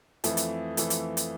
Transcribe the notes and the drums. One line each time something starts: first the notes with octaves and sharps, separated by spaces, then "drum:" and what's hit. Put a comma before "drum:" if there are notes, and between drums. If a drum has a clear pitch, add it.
F2 E3 A3, drum: hi-hat
drum: hi-hat
F2 E3 A3, drum: hi-hat
drum: hi-hat
drum: hi-hat